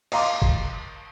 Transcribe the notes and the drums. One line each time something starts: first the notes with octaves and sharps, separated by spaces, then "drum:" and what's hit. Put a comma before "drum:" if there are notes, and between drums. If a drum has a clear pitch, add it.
D#5 F5 A#5 C6 D6, drum: cymbal
drum: kick F1